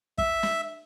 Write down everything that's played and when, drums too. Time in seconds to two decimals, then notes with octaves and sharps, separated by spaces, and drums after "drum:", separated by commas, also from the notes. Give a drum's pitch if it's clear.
0.18 E5, drum: kick
0.43 drum: snare